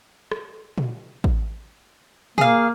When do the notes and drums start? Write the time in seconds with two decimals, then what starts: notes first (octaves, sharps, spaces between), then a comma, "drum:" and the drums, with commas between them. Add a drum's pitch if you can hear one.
0.32 drum: rim click
0.78 drum: tom A#2
1.24 drum: kick A1
2.38 A#3 G#4 F5, drum: tom A#2